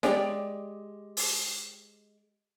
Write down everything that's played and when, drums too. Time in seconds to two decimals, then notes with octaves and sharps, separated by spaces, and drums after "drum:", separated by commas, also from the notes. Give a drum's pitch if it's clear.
0.03 G#3 G4 D5, drum: snare
1.17 drum: open hi-hat